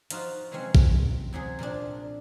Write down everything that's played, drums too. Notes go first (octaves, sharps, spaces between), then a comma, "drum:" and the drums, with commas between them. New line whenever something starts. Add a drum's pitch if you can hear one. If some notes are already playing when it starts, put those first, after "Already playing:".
F3 D#4 F4 F#4, drum: hi-hat
C3 E3 F#3 G#3 C4 C#4
drum: kick
E2 C3 F#3 G#4
A#2 F3 C4 D4